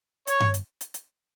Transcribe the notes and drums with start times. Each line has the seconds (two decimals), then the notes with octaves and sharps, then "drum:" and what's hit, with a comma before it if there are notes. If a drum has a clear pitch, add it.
0.27 C#5, drum: hi-hat
0.40 drum: tom G2
0.54 drum: hi-hat
0.81 drum: hi-hat
0.94 drum: hi-hat